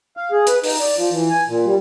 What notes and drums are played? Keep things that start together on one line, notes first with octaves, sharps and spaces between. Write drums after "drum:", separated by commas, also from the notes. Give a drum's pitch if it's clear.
F5
G#4
B4, drum: hi-hat
D#4, drum: open hi-hat
D5
F3
E3
G#5
A#2
G3